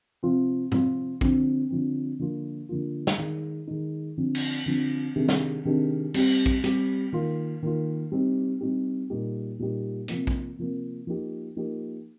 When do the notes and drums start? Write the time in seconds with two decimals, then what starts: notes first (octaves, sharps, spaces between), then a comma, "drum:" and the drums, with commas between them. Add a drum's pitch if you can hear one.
0.23 C3 F3 C4 F4
0.72 C3 F3 C4 F4, drum: tom G#2
1.21 D3 F3 C4, drum: kick
1.70 D3 F3 C4
2.19 D3 F3 A#3 F4
2.69 D3 F3 A#3 F4
3.07 drum: snare
3.18 D#3 G#3 D#4
3.67 D#3 G#3 D#4
4.17 D3 F3 C4
4.35 drum: cymbal
4.66 D3 F3 C4
5.15 C3 D#3 G#3 D4 G4
5.29 drum: snare
5.65 C3 D#3 G#3 D4 G4
6.14 G3 C4 G4, drum: cymbal
6.46 drum: kick
6.64 G3 C4 G4, drum: hi-hat
7.12 D#3 A#3 F4
7.63 D#3 A#3 F4
8.12 G3 C4 D#4 G4
8.61 G3 C4 D#4 G4
9.10 A#2 G3 A#3 D#4 G4
9.59 A#2 G3 A#3 D#4 G4
10.08 C3 F3 A#3, drum: hi-hat
10.27 drum: kick
10.58 C3 F3 A#3
11.07 F3 A#3 D#4 G4
11.56 F3 A#3 D#4 G4